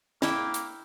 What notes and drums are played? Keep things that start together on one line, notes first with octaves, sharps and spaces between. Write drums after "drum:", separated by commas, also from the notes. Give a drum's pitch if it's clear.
A#3 E4 G5, drum: snare
drum: hi-hat